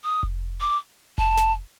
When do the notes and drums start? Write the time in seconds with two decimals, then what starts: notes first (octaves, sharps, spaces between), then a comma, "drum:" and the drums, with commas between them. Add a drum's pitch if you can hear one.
0.04 D#6
0.23 drum: kick F1
0.60 D6
1.18 A5, drum: kick F1
1.37 drum: snare